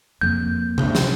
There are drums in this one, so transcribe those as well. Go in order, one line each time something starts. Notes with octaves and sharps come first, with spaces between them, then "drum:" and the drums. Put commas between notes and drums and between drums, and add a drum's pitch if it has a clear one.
F2 A#3 G6
drum: tom C3
drum: snare